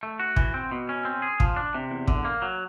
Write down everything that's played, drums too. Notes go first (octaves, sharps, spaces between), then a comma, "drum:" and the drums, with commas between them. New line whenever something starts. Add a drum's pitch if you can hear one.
A3
F#4
E3, drum: kick
C4
B2
C#4
C4
G#4
F3, drum: kick
D4
C3
E2
D3, drum: kick
A#3
F#3